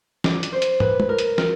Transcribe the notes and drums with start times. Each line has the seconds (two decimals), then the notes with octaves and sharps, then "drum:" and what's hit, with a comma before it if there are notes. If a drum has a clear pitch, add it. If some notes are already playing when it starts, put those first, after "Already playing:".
0.24 D5, drum: snare
0.43 drum: hi-hat
0.52 C5
0.62 drum: hi-hat
0.80 B4, drum: tom
1.00 drum: tom
1.09 A#4
1.19 drum: hi-hat
1.38 A#4, drum: snare